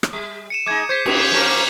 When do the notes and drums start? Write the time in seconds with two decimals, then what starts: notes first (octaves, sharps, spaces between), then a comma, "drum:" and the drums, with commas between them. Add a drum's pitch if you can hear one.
0.03 drum: rim click
0.13 G3
0.50 C#7 D#7 E7
0.66 G#3 D#4 D6 G#6
0.89 C5 G6 G#6 B6
1.06 A2, drum: cymbal
1.31 F3 A#3 C#4